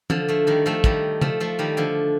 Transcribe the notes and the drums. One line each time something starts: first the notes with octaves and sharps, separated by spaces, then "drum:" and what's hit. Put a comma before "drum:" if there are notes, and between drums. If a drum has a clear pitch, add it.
D3 F3, drum: tom
F3 A3
D#3 G3
F3 A3
D#3 G3, drum: kick
F3 A3, drum: tom
F3 A3
D#3 G3
D3 F3